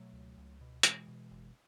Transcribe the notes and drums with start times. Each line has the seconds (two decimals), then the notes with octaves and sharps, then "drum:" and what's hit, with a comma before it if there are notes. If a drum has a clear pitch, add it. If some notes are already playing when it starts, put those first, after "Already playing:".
Already playing: B2 F#3 A3
0.13 C#2
0.38 C#2
0.61 B2
0.83 B2 E3 G#3, drum: hi-hat
1.08 B2
1.31 F#1